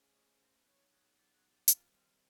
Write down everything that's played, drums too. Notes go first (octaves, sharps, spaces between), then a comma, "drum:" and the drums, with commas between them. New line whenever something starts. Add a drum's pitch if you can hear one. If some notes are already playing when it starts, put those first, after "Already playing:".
Already playing: C#3 F3 A3 C#4
C#5 D#5
A#4 C5
C#3 F#3 B3 D#4 B4 C#5
F#4 G#4
F4 G4
F#4 G#4
F4 G4
C3 D#3 G3 C4 F4, drum: hi-hat
F4